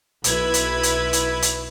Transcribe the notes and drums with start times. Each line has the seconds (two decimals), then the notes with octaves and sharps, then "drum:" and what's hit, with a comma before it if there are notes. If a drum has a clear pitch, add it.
0.24 B1 E4 B4 B5 G#6, drum: hi-hat
0.54 drum: hi-hat
0.83 drum: hi-hat
1.13 drum: hi-hat
1.42 drum: hi-hat